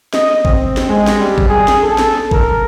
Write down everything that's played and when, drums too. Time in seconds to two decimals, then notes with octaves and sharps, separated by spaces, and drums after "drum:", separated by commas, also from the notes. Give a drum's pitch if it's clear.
0.14 D#5, drum: snare
0.45 C4, drum: kick G#1
0.77 drum: snare
0.88 G#3
1.07 drum: snare
1.18 G3
1.38 drum: kick G#1
1.49 G#4
1.68 drum: snare
1.83 A4
1.98 drum: snare
2.31 A#4, drum: kick G#1